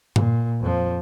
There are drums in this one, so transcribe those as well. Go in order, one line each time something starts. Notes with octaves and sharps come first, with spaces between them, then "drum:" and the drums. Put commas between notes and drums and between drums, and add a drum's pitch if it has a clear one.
A#2, drum: tom G2
F2 F3